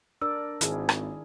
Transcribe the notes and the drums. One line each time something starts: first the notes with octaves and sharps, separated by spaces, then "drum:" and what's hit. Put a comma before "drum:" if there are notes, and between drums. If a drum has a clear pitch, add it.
D4 A#4 D5 E6
G#1 D#3 E4 G#4, drum: hi-hat
drum: rim click